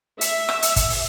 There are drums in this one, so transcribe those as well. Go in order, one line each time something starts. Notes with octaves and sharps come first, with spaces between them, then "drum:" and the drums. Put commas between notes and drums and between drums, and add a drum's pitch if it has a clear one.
E5, drum: hi-hat
drum: rim click
drum: hi-hat
drum: kick, hi-hat
drum: open hi-hat